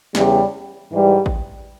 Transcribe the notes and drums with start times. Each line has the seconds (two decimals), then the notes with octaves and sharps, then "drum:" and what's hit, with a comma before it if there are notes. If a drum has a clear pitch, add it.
0.15 E2 C#3 G3, drum: snare
0.91 G#2 E3 G3
1.26 drum: kick A1